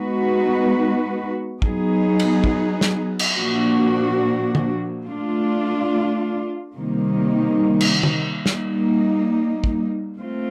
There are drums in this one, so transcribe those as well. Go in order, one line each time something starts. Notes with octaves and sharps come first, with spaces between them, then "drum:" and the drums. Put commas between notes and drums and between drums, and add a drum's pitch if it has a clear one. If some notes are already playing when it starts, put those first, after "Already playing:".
Already playing: G#3 B3 D#4 F#4 B4
F#3 B3 D#4 G#4, drum: kick
drum: cymbal
drum: kick
drum: snare
drum: cymbal
A#2 F3 A#3 D4 F#4
drum: tom
A3 D4 F4
C3 D#3 G3 A#3 D#4
drum: cymbal
drum: tom
G3 A#3 D#4, drum: snare
drum: kick
A3 C4 F4